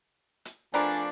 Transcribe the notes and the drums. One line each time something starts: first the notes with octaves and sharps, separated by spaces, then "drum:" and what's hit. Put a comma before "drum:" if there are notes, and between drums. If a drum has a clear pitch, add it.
drum: hi-hat
F3 A3 C4 D4 A#4 B4 D5 G#5, drum: hi-hat